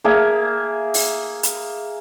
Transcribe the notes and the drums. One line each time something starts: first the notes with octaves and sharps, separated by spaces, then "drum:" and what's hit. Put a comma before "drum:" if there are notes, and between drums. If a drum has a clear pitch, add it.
A#3 G#4 E5
drum: open hi-hat
drum: hi-hat